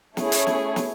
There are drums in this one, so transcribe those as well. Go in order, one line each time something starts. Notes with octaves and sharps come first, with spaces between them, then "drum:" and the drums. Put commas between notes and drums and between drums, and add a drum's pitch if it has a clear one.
A3 C#4 E4 G#4 C#5, drum: snare
drum: hi-hat
drum: snare
drum: snare